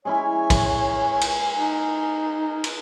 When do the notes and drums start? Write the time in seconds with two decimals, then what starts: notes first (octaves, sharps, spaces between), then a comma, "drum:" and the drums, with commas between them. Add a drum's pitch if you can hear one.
0.05 G#3 C#4 E4 C#5 G#5
0.50 drum: kick, cymbal
1.21 drum: cymbal
1.57 D#4
2.64 drum: cymbal